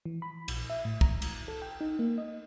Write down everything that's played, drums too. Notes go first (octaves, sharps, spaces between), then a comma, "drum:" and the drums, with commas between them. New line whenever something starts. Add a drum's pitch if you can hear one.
E3
B5
A#1, drum: cymbal
E5
A2
A#5, drum: kick
drum: cymbal
A4
G5
D#4
A#3
D#5